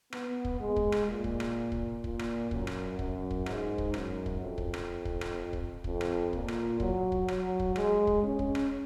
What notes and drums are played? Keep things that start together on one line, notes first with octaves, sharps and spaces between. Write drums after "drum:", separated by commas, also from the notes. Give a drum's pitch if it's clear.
B3, drum: rim click
drum: kick
G#3
drum: kick
drum: rim click
A#2
drum: kick
drum: rim click
drum: kick
A#2, drum: kick
drum: rim click
F#2, drum: kick
drum: rim click
F#2, drum: kick
drum: kick
G#2, drum: rim click
drum: kick
F#2, drum: rim click
drum: kick
F2
drum: kick
drum: rim click
drum: kick
drum: rim click
drum: kick
F2, drum: kick
drum: rim click
A#2, drum: kick
drum: rim click
F#3, drum: kick
drum: kick
F#3, drum: rim click
drum: kick
G#3, drum: rim click
drum: kick
C#4
drum: kick
drum: rim click